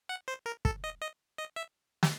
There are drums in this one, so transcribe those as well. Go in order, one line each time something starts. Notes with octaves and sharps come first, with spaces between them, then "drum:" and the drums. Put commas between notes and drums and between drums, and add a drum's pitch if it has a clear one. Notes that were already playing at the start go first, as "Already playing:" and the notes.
F#5
C5
A#4
A4, drum: kick
D#5
D#5
D#5
E5
drum: snare